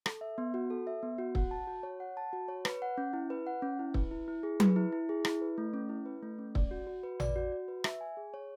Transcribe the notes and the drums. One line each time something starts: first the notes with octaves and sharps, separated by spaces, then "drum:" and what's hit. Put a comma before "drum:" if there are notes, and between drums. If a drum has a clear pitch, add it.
A4, drum: rim click
E5
B3
F#4
A4
E5
B3
F#4
F#5, drum: kick
A5
F#4
C#5
F#5
A5
F#4
C#5
B4, drum: rim click
F#5
C#4
E4
B4
F#5
C#4
E4
B4, drum: kick
E4
E4
G#4
B4, drum: tom F#3
E4
E4
G#4
E4, drum: rim click
B4
A3
C#4
E4
B4
A3
C#4
D5, drum: kick
F#4
F#4
B4
D5, drum: tom A1
F#4
F#4
B4
E5, drum: rim click
G#5
G#4
C#5